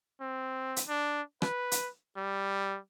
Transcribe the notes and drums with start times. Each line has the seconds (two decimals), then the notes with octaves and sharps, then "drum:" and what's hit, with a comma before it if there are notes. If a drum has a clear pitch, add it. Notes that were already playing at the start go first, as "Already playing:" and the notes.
0.21 C4
0.76 drum: hi-hat
0.88 D4
1.42 B4, drum: rim click
1.72 drum: hi-hat
2.16 G3